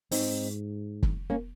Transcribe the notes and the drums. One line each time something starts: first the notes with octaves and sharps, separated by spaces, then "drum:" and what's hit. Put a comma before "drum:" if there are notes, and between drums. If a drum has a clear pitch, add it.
G#2 C4 D#4, drum: open hi-hat
drum: kick
A#3 C#4